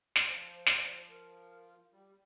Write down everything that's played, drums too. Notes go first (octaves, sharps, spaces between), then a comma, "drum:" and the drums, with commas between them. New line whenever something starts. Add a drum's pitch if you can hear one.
drum: snare
F3 C5
C5, drum: snare
D5
C5
A#4
G3